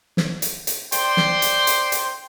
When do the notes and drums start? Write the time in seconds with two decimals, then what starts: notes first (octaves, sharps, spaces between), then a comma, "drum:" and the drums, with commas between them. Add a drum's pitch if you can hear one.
0.17 drum: snare
0.42 drum: hi-hat
0.67 drum: hi-hat
0.92 C5 D5 G5 C6, drum: hi-hat
1.17 drum: snare
1.42 drum: hi-hat
1.67 drum: hi-hat
1.92 drum: hi-hat